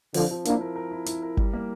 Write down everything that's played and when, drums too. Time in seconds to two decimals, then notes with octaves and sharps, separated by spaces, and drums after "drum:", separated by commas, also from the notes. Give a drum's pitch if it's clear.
0.14 D3 F3 C4, drum: open hi-hat
0.31 F3
0.45 A#3 D4 E4, drum: hi-hat
0.61 A#4
0.76 A#4
0.91 E4
1.06 E4, drum: hi-hat
1.22 A#4
1.37 G3, drum: kick G#1
1.53 A#3